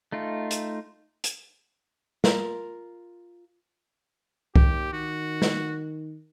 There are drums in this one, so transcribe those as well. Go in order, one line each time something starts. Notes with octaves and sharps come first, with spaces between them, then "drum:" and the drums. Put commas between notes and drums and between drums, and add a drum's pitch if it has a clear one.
A3 D#4 F4
drum: hi-hat
drum: hi-hat
F4 A#4, drum: snare
D#2 G4, drum: kick C2
D#3 F#4
drum: snare